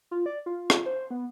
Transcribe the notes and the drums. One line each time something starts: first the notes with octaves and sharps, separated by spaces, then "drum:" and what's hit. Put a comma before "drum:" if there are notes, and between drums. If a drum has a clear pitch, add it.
F4
D5
F4
drum: rim click
C5
B3